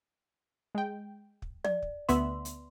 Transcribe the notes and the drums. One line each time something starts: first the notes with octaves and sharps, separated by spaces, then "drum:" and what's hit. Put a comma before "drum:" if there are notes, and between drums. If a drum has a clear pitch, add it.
G#3 G5
drum: kick
D5, drum: tom
drum: kick
D2 B3 E5 C6, drum: hi-hat
drum: hi-hat